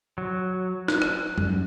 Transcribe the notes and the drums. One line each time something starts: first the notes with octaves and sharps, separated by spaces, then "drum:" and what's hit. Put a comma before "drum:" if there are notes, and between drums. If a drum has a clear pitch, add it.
F#3
F#6, drum: snare
drum: rim click
F#2, drum: tom G3